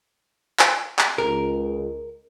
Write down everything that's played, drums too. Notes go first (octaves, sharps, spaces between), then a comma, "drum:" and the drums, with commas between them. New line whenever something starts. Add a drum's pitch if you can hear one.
drum: clap
drum: clap
C#2 A#4